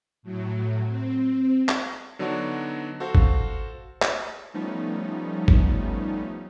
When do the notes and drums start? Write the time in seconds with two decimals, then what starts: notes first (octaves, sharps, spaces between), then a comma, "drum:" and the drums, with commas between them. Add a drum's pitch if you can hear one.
0.23 A2 F#3
0.86 C4
1.69 drum: clap
2.19 D3 F#3 B3 D4 D#4 F#4
3.00 F#4 A4 C5 F5
3.15 drum: kick G#1
4.02 drum: clap
4.54 F3 G3 A3 B3 C#4 D#4
5.48 drum: kick G#1